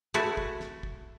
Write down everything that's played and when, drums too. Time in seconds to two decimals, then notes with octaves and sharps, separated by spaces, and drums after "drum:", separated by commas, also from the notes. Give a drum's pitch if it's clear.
0.14 A3 E4 F#4
0.37 drum: kick
0.60 drum: snare
0.83 drum: kick